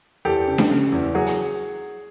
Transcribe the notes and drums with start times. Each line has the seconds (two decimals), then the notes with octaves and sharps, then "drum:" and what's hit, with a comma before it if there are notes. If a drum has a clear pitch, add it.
0.25 E2 G4 A4
0.47 C#3
0.58 drum: snare D4
0.70 C#3
0.92 E2
1.14 F#3 F#4 G#4
1.26 drum: hi-hat